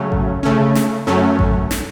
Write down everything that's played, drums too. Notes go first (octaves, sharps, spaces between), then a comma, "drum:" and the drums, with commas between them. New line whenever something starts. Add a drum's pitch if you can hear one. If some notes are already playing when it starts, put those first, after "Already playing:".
Already playing: C#3 F#3 A3 C#4
drum: kick A1
C#3 A3 C#4
drum: snare
F#2 F#3 A3 C#4
drum: kick A1
drum: snare